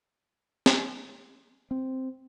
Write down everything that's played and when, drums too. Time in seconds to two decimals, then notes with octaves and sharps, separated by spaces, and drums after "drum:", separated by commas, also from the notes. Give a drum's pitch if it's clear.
0.66 drum: snare
1.71 C4